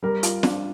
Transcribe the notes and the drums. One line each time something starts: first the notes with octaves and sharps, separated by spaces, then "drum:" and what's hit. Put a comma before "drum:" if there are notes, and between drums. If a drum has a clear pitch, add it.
G3 A#4
F4, drum: hi-hat
D4, drum: snare